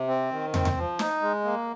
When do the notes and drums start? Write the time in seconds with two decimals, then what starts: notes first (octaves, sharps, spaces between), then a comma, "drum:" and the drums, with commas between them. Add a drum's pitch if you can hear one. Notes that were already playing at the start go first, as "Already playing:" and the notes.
Already playing: C3
0.08 C4
0.31 D#3
0.54 C4, drum: tom
0.65 drum: tom
0.76 F3
0.99 D#4, drum: snare
1.22 G#3
1.44 A#3